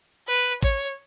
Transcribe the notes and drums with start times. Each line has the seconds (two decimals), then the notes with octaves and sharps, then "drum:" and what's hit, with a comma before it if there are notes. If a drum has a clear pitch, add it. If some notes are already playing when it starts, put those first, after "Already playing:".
0.27 B4
0.63 C#5, drum: kick A1, hi-hat